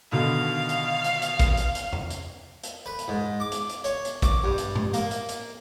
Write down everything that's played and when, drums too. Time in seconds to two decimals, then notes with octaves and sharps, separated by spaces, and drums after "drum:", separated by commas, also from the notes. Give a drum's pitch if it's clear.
0.12 B2 D3 D#3 F5
0.69 drum: hi-hat
1.04 drum: hi-hat
1.22 drum: hi-hat
1.39 drum: kick, hi-hat
1.57 drum: hi-hat
1.75 drum: hi-hat
1.93 drum: tom E2
2.10 drum: hi-hat
2.63 drum: hi-hat
2.86 B4
2.99 drum: hi-hat
3.08 G#2
3.40 D6
3.52 drum: hi-hat
3.69 drum: hi-hat
3.84 C#5, drum: hi-hat
4.05 drum: hi-hat
4.22 D6, drum: kick, hi-hat
4.44 G2
4.58 drum: hi-hat
4.75 drum: tom A2
4.94 A#3, drum: hi-hat
5.11 drum: hi-hat
5.28 drum: hi-hat